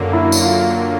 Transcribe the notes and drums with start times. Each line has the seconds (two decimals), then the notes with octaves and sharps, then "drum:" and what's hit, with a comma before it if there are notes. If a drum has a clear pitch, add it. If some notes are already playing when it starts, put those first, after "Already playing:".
Already playing: F#2 D3 F#3 A#3
0.13 E4
0.32 drum: tambourine
0.42 F4